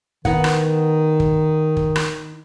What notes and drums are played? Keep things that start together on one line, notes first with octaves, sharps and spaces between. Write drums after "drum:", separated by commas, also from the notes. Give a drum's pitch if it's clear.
D#3 B3 D#4 F#5, drum: kick
drum: rim click
drum: kick
drum: kick
drum: rim click